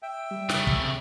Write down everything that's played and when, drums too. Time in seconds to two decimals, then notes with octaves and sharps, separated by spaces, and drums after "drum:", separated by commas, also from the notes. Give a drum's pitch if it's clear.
0.03 E5 G5
0.31 G3
0.49 C#3 A3, drum: snare
0.67 drum: kick
0.79 C3